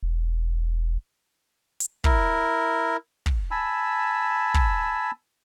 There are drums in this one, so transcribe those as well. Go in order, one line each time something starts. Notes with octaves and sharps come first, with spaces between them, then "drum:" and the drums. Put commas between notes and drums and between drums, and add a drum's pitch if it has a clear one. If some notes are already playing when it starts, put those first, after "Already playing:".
E1
drum: hi-hat
E4 A#4, drum: kick
drum: kick
G#5 A5 B5 E6
drum: kick